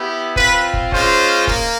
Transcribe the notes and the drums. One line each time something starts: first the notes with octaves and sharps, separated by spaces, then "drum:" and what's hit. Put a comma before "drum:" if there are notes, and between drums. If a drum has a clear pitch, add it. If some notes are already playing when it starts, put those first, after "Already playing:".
Already playing: B3 E4 G4
C4 F4 B4, drum: kick
drum: kick
G#3 C#4 F4 C5, drum: kick
A#3, drum: kick